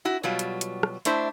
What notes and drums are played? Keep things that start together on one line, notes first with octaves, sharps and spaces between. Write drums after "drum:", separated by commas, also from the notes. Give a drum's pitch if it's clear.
E4 F#4
B2 F#3 G3 F4
drum: hi-hat
drum: hi-hat
drum: rim click
A3 D4 E4 C5 E5, drum: hi-hat